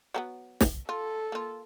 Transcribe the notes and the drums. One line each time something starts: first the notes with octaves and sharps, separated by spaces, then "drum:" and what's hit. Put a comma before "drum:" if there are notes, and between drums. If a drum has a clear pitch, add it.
F#3 A#3 B3
drum: snare
F4 A4
A#3 F4